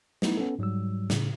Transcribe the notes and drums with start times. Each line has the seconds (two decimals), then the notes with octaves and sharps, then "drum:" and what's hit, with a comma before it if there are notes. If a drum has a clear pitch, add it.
0.22 F#3 G3 A3 B3 D#4 E4, drum: snare
0.37 B3 C#4 A4
0.59 G#2 F#3 G3 E6
1.10 A2 C#3, drum: snare